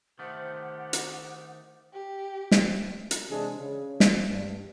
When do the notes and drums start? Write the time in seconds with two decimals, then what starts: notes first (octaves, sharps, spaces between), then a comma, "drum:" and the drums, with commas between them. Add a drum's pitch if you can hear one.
0.19 D#3 A3 G4 C5 F#5
0.93 drum: hi-hat
1.94 G4
2.51 drum: snare
3.11 drum: hi-hat
3.29 C3 E3 G#3 D4 G#4
3.59 C#3
4.00 drum: snare
4.26 G2